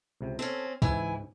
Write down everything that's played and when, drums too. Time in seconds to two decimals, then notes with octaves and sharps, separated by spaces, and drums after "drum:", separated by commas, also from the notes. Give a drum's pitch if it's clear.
0.21 C#2 C3
0.39 C4 C#4 A4
0.82 C#2 G#2 E3 E4 G#5, drum: kick